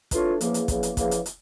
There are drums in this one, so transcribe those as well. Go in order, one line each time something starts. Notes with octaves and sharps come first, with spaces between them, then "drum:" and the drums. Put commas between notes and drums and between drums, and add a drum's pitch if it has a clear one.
E3 A3 D4 F4 C#5, drum: kick, hi-hat
E2 C#3 F3 A#3, drum: hi-hat
drum: hi-hat
E2 C#3 F3 A#3, drum: kick, hi-hat
drum: hi-hat
E2 C#3 F3 A#3, drum: kick, hi-hat
drum: hi-hat
drum: hi-hat